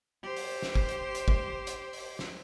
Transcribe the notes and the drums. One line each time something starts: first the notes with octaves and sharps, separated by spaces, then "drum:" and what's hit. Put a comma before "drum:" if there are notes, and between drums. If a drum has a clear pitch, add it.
G4 C5
drum: open hi-hat
drum: snare
drum: kick G1
drum: hi-hat
drum: hi-hat
drum: kick G1
drum: hi-hat
drum: open hi-hat
drum: snare